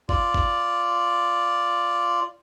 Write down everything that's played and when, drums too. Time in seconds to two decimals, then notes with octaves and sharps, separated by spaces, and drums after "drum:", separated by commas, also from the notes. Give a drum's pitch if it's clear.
0.09 F4 D5, drum: kick
0.34 drum: kick